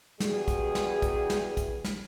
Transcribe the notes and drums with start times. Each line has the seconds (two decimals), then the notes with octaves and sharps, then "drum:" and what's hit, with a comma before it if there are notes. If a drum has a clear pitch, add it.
0.20 E2 E3 G3 F#4 G#4, drum: snare
0.48 drum: kick, hi-hat
0.75 drum: snare
1.02 drum: kick, hi-hat
1.30 drum: snare
1.57 drum: kick, hi-hat
1.84 drum: snare